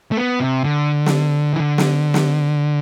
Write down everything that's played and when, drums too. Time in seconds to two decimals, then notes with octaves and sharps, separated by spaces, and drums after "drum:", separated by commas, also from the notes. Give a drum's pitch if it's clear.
0.12 A3
0.17 B3
0.40 C3
0.64 D3
1.06 drum: snare
1.53 E3
1.60 D3
1.78 drum: snare
2.14 drum: snare